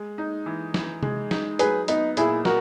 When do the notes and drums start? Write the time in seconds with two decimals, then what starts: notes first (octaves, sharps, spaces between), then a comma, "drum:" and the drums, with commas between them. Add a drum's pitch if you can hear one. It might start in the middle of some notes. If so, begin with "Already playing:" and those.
Already playing: G#3
0.18 D#4
0.46 E3
0.74 E3, drum: snare
1.03 G#3, drum: tom C3
1.31 D#4, drum: snare
1.59 F#3 G#4 B4, drum: hi-hat
1.88 B3 D#4, drum: hi-hat
2.17 A#2 E4 G#4, drum: hi-hat
2.45 F#4 A#4, drum: snare